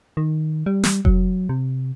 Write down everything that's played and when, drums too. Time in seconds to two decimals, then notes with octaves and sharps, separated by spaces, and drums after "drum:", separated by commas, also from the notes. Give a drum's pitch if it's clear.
0.17 D#3
0.66 G3
0.84 drum: snare
1.05 F#3, drum: kick F1
1.49 C3